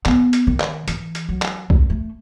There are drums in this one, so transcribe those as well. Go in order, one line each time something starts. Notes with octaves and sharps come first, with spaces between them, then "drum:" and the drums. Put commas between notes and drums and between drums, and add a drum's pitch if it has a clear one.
B3, drum: clap
drum: hi-hat
D#3
drum: clap
E3, drum: hi-hat
drum: hi-hat
F#3
drum: clap
G#3, drum: kick
A3